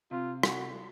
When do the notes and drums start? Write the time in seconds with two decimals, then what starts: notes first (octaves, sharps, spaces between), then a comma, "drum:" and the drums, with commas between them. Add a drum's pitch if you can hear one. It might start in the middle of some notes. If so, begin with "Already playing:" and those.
0.11 C3 F4
0.43 F#4, drum: rim click